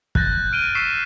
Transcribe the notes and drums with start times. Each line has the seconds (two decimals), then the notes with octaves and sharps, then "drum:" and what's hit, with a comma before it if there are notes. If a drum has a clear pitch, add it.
0.15 F#6 G6 A6 A#6, drum: kick
0.52 F6 D7 D#7 G7
0.75 C#6 E6 B6 C7 E7 G7